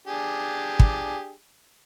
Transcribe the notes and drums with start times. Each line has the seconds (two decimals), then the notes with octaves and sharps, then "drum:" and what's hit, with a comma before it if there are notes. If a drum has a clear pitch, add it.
0.07 D4 G4 G#4
0.80 drum: kick